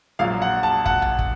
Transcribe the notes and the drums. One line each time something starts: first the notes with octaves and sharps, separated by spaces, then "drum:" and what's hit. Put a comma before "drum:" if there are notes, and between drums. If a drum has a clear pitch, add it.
A#1 A#2 F#3 F5
F#5
A5
F#5, drum: kick
drum: tom A#1
drum: kick